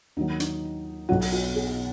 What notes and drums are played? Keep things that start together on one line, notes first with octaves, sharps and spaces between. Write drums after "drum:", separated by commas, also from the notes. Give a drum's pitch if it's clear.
D#2 D#3 F#3 D#4
D#4, drum: hi-hat
B1 B2 F#3 F#4
drum: open hi-hat
F#4
G#4